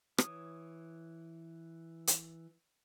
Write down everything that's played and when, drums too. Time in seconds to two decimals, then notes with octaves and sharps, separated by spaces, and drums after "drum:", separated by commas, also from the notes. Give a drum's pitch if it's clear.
0.18 E3 C#5 D#6, drum: rim click
2.07 drum: hi-hat